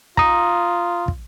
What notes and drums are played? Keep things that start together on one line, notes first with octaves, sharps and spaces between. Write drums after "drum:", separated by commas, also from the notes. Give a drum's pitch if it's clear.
F4 A#5 D#6, drum: kick
drum: kick